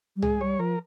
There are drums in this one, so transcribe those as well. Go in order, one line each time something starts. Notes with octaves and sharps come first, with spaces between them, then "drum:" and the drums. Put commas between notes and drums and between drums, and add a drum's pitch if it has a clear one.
G3
G#3 G#4, drum: tom C2
G3 C#5
F3 A#4